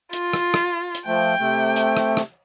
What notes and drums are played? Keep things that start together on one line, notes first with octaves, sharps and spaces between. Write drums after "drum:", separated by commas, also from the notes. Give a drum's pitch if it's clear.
F4, drum: hi-hat
drum: rim click
drum: rim click
drum: hi-hat
F3 A3 G5
C3 A3
drum: hi-hat
drum: rim click
drum: rim click